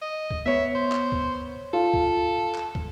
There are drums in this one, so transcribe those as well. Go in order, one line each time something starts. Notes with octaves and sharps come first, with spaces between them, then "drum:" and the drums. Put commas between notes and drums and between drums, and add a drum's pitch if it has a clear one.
D#5
drum: kick
B3 C#5 E5
C5
drum: clap
drum: kick
F4 A4
drum: kick
drum: clap
drum: kick